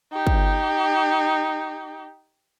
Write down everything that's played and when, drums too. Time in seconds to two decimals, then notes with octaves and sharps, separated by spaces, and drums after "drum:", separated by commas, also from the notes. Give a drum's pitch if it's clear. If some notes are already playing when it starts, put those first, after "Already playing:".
0.12 D#4 G4
0.27 drum: kick